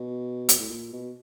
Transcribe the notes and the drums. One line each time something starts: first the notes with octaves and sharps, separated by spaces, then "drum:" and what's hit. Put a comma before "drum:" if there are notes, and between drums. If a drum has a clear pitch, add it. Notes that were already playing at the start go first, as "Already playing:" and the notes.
Already playing: B2
drum: hi-hat
A2
A#2
B2